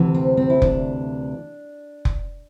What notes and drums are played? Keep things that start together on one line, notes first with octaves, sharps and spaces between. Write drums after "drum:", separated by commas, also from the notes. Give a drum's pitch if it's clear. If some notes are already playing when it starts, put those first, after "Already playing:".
Already playing: D2 C3 E3
C4
C4
E4
D4, drum: kick F1
drum: kick F1